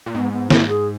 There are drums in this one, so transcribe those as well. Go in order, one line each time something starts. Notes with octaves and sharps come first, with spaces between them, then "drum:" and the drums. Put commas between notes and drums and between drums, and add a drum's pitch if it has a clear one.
A#2
G#2 B3
B3
E4, drum: snare
G#4